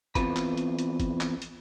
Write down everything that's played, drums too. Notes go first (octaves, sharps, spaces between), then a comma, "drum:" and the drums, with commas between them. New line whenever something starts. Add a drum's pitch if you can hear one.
E2 G#2 C4 F4 B4 B5, drum: kick, hi-hat
drum: clap
drum: hi-hat
drum: hi-hat
drum: kick, hi-hat
drum: clap
drum: hi-hat